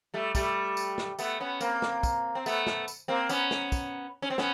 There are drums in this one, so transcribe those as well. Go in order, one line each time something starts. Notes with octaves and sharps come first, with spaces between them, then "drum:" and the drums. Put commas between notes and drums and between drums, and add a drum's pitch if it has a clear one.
G3 A3
G3 A3, drum: kick, tambourine
drum: tambourine
drum: snare
A3 B3, drum: tambourine
B3 C#4
A#3 C4, drum: tambourine
drum: snare
drum: kick, tambourine
C4
A3 B3, drum: tambourine
drum: snare
drum: tambourine
A#3 C4
B3 C#4, drum: tambourine
drum: snare
drum: kick, tambourine
C#4
C4
B3 C#4, drum: snare